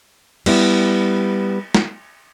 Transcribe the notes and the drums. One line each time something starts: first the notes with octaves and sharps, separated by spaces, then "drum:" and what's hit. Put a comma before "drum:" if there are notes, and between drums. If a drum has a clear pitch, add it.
G3 B3 E4, drum: cymbal
drum: snare